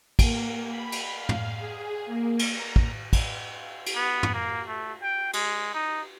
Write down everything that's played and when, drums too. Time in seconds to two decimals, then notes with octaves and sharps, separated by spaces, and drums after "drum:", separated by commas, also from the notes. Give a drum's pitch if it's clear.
0.19 A#3, drum: kick, cymbal
0.68 B5
0.92 drum: cymbal
1.15 F5
1.29 drum: tom
1.57 G#4
2.06 A#3
2.39 drum: cymbal
2.50 A#5
2.76 drum: kick
3.13 drum: kick, cymbal
3.86 drum: cymbal
3.96 B3
4.23 drum: tom
4.34 A#3
4.67 A3
5.02 G5
5.33 G#3, drum: cymbal
5.74 D#4